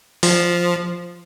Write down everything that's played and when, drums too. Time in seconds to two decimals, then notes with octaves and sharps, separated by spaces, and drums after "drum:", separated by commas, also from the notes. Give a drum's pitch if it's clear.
0.23 F3, drum: open hi-hat